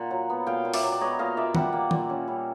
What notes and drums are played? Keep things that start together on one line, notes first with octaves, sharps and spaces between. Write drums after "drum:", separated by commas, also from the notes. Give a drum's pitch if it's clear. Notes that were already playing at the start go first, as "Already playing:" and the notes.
Already playing: A#2 F#5
F#3
B3
A#2 F5 G5
A#2
D5 E5, drum: open hi-hat
F#3
D5
B3 C#5 D#5
A#2 D#5 F5
A#2 D5 E5
G3 E5 F#5, drum: tom D#3
A#3
A#2, drum: tom D#3
C#4
G3